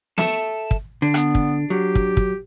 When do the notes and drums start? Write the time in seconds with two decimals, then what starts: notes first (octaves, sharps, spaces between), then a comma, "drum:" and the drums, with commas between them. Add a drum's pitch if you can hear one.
0.18 A4 E5, drum: snare
0.71 drum: kick
1.02 D3 D4
1.14 B3, drum: rim click
1.35 drum: kick
1.70 F#3 G4
1.95 drum: kick
2.17 drum: kick